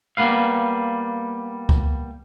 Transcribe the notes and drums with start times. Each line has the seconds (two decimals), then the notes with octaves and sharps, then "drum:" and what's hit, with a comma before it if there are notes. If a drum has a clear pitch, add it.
0.17 G3 A#3 B3 B4 F5
1.69 drum: kick C#2